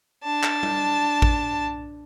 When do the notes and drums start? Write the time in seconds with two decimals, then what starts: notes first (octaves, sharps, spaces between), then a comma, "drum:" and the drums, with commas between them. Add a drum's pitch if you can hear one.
0.23 D4 A5
0.43 drum: clap
0.63 drum: tom G3
1.22 drum: kick A1